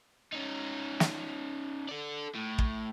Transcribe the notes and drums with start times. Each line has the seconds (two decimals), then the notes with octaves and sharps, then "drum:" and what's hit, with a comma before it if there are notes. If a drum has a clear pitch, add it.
0.32 C#4 D#4
1.00 drum: snare
1.89 A4 D5
2.35 A2
2.58 drum: kick